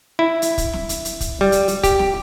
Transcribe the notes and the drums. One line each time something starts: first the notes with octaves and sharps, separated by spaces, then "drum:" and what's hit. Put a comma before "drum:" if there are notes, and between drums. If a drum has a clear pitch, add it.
E4
drum: hi-hat
drum: kick, hi-hat
drum: snare
drum: hi-hat
drum: hi-hat
drum: kick, hi-hat
G3
drum: hi-hat
drum: hi-hat
G4, drum: kick, hi-hat
drum: snare